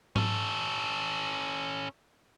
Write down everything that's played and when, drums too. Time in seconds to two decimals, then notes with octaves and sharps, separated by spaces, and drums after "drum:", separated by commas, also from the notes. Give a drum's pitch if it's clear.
0.16 C#4 A4, drum: tom G#2